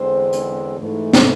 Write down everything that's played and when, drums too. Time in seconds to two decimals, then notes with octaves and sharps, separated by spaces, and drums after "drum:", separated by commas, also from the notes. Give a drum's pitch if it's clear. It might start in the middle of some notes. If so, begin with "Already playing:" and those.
Already playing: E2 D3 G#3 C4 C5
0.33 drum: hi-hat
0.80 G#2 E3 A3
1.13 drum: snare